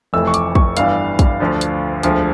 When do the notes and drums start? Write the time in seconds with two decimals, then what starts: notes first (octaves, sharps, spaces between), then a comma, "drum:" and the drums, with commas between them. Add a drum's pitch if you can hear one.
0.13 F1 F2 E3 A3 E6
0.27 C#6
0.34 D6, drum: hi-hat
0.55 C#6, drum: kick
0.77 G1 G2 E3 G3 F5, drum: hi-hat
1.19 drum: kick, hi-hat
1.40 D2 D3 F3
1.61 drum: hi-hat
2.03 E1 D2 D3 F3, drum: hi-hat